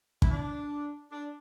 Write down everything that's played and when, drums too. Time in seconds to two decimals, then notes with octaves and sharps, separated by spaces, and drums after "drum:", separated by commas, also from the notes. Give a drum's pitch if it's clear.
0.22 E4, drum: kick
0.30 D4
1.11 D4